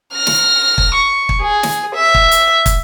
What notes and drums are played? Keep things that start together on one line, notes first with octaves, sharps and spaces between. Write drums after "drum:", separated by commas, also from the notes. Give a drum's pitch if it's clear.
F6 A#6
drum: snare
drum: kick
C#6
drum: kick
G#4
drum: snare
E5
drum: kick
drum: hi-hat
drum: kick, hi-hat